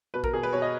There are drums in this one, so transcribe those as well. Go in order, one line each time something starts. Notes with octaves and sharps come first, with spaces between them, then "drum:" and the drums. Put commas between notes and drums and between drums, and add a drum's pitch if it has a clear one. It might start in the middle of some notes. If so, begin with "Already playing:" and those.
B2 B4
A#4, drum: kick A1
B2 G#4
B4
B2 C#5
D#5